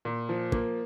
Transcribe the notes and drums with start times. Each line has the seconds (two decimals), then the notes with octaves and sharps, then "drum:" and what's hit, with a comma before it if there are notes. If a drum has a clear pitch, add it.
0.05 A#2
0.29 F3
0.52 A#3, drum: kick